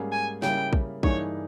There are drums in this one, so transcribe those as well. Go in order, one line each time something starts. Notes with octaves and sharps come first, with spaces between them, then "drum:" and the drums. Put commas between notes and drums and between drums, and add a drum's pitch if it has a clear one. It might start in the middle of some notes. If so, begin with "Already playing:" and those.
Already playing: G#2 G3 A#3 C#4 G#4
G#5
C#3 G3 A#3 E4 G5, drum: snare
drum: kick
G2 E3 A#3 D#4 G#4 C#5, drum: kick